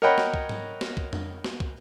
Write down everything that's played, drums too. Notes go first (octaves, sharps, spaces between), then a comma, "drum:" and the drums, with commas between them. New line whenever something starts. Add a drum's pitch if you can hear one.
A#4 C#5 D#5 F#5 G5 B5
drum: snare
drum: kick
drum: tom G#2
drum: snare
drum: kick
drum: tom F2
drum: snare
drum: kick